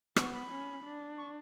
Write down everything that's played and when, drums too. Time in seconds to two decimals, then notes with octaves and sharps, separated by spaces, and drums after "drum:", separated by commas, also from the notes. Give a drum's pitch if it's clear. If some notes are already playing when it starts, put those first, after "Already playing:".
0.16 B3 C#6, drum: rim click
0.33 B5
0.50 C#4
0.84 D4
1.18 C#6